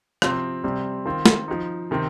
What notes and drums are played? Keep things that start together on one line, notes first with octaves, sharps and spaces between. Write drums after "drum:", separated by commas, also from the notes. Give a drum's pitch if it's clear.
C3 F3 C4, drum: rim click
C3 G3 C4
D#3 C4 F4
drum: snare
F3 D#4
C3 D#3 C4